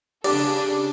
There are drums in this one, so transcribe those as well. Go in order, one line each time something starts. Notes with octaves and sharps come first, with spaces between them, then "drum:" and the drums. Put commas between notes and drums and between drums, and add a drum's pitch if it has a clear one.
C#3 D4 G4 A4 D5, drum: cymbal